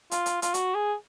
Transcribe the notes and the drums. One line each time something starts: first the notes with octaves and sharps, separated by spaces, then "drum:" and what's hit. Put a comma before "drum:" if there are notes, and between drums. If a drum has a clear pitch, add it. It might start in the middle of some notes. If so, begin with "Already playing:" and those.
F4, drum: hi-hat
drum: hi-hat
F4, drum: hi-hat
F#4, drum: hi-hat
G#4